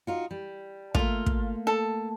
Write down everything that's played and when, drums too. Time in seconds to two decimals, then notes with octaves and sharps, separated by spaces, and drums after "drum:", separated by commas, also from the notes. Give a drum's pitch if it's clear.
0.07 D#4 F4 F#4
0.31 G3
0.95 A3 A#3 F4, drum: kick
1.26 drum: kick
1.67 A4